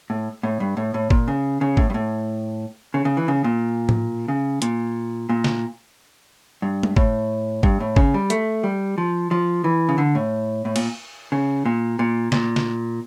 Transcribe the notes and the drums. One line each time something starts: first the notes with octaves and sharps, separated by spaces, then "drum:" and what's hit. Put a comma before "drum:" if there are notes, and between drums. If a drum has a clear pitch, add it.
A2
A2
G2
A2
A2
A#2, drum: kick
C#3
C#3
A2, drum: kick
G2
A2
C#3
C#3
E3
C#3
A#2
drum: tom A2
C#3
A#2, drum: hi-hat
A#2
drum: snare
G2
drum: tom
A2, drum: kick
G2, drum: kick
A2
C#3, drum: kick
G3
A3, drum: hi-hat
G3
F3
F3
E3
C#3
D3
A2
A2
A#2, drum: cymbal
C#3
A#2
A#2
A#2, drum: snare
drum: snare